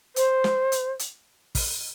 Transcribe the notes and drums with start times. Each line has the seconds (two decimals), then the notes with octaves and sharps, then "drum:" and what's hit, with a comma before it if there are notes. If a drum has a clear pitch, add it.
0.16 C5, drum: hi-hat
0.44 drum: snare
0.72 drum: hi-hat
0.99 drum: hi-hat
1.55 drum: kick, open hi-hat